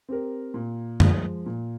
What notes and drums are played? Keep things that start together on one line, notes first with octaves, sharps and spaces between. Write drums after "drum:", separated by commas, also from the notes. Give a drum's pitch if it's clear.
C4 G4 A#4
A#2
F3 G#3, drum: tom F#2
A#2